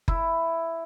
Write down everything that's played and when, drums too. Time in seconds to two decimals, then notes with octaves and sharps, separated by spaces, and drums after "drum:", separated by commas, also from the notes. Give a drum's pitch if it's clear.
0.08 E4, drum: kick F#1